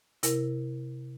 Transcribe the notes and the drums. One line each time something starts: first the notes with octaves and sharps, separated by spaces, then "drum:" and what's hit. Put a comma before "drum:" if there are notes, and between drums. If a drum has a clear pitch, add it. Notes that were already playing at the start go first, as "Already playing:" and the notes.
C3 E4 A#4, drum: hi-hat